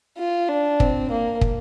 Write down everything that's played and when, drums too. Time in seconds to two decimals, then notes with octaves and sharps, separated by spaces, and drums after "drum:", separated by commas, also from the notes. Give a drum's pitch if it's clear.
0.18 F4
0.49 D4
0.80 C4, drum: kick
1.11 A#3
1.41 drum: kick